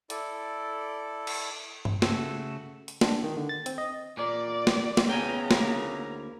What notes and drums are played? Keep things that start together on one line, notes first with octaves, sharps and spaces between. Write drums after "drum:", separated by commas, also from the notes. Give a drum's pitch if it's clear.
E4 A4 D5, drum: hi-hat
drum: cymbal
drum: tom G2
C#3 A3 F#4 A4, drum: snare
drum: hi-hat
D4, drum: snare
D#3
D3
A6
C4, drum: hi-hat
D#5
A#2 A#3 D5
drum: snare
drum: snare
E2 C#3 B3 G5 G#5 A#5
D2 A#3 E4, drum: snare